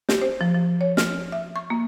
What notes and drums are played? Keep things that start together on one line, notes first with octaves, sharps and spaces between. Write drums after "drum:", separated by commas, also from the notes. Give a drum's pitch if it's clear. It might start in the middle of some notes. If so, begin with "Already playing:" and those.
G4, drum: snare
C5
F3
F3
C#5
F6, drum: snare
E5
C#6
A#3